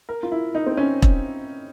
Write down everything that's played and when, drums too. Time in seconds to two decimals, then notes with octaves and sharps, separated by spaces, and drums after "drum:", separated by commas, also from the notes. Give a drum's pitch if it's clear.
0.09 A#4
0.23 F4
0.32 E4
0.55 D#4
0.66 C4
0.77 C#4
1.02 drum: kick E1